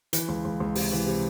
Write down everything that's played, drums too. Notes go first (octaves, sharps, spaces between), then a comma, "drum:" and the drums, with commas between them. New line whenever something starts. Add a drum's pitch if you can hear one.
E3, drum: hi-hat
C#2
C#2
C#2
C3, drum: open hi-hat
E3
C3